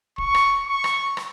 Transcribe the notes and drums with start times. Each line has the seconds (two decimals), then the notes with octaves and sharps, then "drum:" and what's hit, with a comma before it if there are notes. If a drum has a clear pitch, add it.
0.18 C#6, drum: kick
0.35 drum: rim click
0.67 C#6
0.84 drum: rim click
1.17 drum: rim click